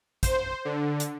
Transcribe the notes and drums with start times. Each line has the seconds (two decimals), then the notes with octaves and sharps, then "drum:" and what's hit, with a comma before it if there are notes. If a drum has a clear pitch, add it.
0.23 C5, drum: kick, hi-hat
0.65 D3
1.00 drum: hi-hat